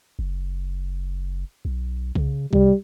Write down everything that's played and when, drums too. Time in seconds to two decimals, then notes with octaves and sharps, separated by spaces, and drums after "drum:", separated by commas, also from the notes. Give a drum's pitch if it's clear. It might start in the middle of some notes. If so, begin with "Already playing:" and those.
0.19 F#1
1.65 B1
2.15 C#3, drum: kick C2
2.53 C3 G3, drum: kick C2